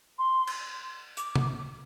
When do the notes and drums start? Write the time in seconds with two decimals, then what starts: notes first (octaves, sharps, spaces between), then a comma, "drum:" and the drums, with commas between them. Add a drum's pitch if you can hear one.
0.18 C6
0.47 drum: cymbal
1.17 D6, drum: hi-hat
1.36 drum: tom C3